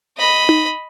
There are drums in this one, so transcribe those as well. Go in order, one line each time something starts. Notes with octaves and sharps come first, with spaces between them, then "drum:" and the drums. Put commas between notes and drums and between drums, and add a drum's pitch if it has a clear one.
D#5 B5
drum: tom D#4